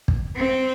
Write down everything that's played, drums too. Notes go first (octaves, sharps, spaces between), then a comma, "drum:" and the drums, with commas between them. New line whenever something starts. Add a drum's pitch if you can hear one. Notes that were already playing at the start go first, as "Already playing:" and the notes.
drum: kick
C4